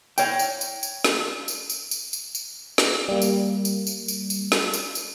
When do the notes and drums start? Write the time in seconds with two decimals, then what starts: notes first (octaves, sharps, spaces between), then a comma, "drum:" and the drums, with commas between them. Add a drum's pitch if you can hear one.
0.18 C#5 G5, drum: tambourine
0.39 drum: tambourine
0.61 drum: tambourine
0.83 drum: tambourine
1.04 drum: snare
1.48 drum: tambourine
1.70 drum: tambourine
1.91 drum: tambourine
2.13 drum: tambourine
2.35 drum: tambourine
2.78 drum: snare
3.08 G3 A#3
3.22 drum: tambourine
3.65 drum: tambourine
3.87 drum: tambourine
4.08 drum: tambourine
4.30 drum: tambourine
4.52 drum: snare
4.73 drum: tambourine
4.95 drum: tambourine